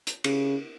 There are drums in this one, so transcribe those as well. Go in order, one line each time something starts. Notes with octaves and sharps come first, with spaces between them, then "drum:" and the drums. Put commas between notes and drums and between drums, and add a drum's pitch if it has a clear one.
drum: hi-hat
C#3, drum: cymbal